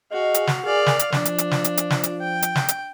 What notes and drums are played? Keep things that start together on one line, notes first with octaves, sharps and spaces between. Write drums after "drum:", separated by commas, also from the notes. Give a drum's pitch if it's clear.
F#4 G#4 D#5 F5
drum: hi-hat
drum: snare
G#4 A#4 D5 F5
drum: snare
drum: hi-hat
F3 D4, drum: snare
drum: hi-hat
drum: hi-hat
drum: snare
drum: hi-hat
drum: hi-hat
drum: snare
drum: hi-hat
G5
drum: hi-hat
drum: snare
drum: hi-hat